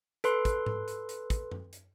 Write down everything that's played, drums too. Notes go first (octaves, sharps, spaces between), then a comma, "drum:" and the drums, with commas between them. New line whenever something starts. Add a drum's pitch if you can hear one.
A4 B4 C6, drum: hi-hat
drum: kick, hi-hat
drum: tom G#2
drum: hi-hat
drum: hi-hat
drum: kick, hi-hat
drum: tom F#2
drum: hi-hat